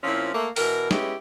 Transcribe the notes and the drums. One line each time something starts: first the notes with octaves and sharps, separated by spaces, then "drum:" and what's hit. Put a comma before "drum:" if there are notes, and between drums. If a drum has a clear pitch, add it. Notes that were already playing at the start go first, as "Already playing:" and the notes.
A#2 F3 C4 C#4 E4
A3 A#3
B2 E3 A#4, drum: open hi-hat
G#3 B3 C#4 E4 G4, drum: snare